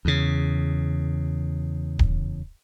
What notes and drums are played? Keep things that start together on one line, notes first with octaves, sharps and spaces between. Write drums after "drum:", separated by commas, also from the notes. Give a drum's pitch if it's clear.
E2 C#3
drum: kick D1